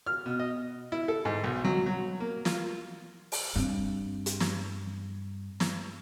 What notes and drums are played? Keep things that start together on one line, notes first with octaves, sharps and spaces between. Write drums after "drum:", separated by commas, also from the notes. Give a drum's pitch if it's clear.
F6
B2
D#5
E4
A4
G#2
B1
F#3
F#3
A#3
F4, drum: snare
drum: open hi-hat
G2 C4
drum: hi-hat
drum: snare
drum: snare